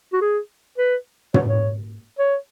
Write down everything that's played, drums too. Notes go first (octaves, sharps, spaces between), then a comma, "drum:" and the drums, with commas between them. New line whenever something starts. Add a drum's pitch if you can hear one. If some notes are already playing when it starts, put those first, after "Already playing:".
F#4
G#4
B4
C#5, drum: tom
C#5
C#5